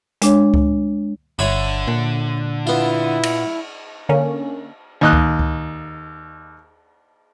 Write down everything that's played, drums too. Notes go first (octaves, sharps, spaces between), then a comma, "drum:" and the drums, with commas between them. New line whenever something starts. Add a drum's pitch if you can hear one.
G#3 D4 C#5, drum: hi-hat
drum: kick C#2
G1 D3 C#5 E5 B5
A#2
B3 E4 F4
drum: cymbal
D3 A#3 C#4
D#2 D#5 F#6
drum: kick C#2
drum: kick C#2